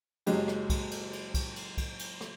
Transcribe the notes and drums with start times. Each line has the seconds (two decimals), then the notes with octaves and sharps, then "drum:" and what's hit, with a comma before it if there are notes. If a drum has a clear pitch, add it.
0.26 F#1 F#3 G#3 G4, drum: cymbal
0.48 drum: rim click
0.70 drum: kick, cymbal
0.91 drum: cymbal
1.13 drum: cymbal
1.34 drum: kick, cymbal
1.56 drum: cymbal
1.78 drum: kick, cymbal
1.99 drum: cymbal
2.21 drum: rim click